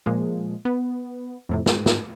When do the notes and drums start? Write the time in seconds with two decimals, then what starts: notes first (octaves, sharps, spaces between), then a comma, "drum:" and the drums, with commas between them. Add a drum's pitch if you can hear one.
0.06 A#2 F3 G#3
0.65 B3
1.49 F2 A2 C3
1.66 G#2, drum: snare
1.86 drum: snare